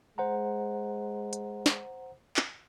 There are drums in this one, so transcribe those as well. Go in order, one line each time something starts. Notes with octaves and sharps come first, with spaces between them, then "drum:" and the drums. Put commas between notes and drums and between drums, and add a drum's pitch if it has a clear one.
G#3 C5 F#5 A#5
drum: hi-hat
drum: snare
drum: clap